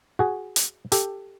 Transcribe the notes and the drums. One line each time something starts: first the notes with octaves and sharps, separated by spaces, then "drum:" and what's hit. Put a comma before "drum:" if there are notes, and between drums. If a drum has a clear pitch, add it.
F#4 G#4
drum: hi-hat
G4 A4, drum: hi-hat